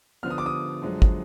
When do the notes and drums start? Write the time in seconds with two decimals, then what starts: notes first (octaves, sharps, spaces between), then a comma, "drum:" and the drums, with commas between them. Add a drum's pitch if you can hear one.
0.23 D3 F3 B3 F6
0.30 D#6
0.38 D6
0.46 D#6
0.82 F#2 D3 F3 G#3
1.02 drum: kick